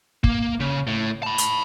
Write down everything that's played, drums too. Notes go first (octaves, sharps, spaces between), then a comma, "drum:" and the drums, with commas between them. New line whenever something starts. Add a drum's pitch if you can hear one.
A#3, drum: kick
C#3
A2
A5 B5
drum: hi-hat